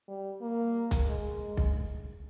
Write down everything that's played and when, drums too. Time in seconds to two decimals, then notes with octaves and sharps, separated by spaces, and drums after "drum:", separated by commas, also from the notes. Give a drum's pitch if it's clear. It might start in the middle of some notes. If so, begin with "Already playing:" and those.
0.08 G3
0.42 A#3
0.91 drum: kick B1, hi-hat
1.08 G#3
1.57 drum: kick B1